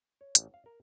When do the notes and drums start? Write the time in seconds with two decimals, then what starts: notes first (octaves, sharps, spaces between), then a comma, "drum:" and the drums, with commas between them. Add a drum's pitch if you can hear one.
0.21 C#5
0.35 A1, drum: hi-hat
0.54 F5
0.66 A#4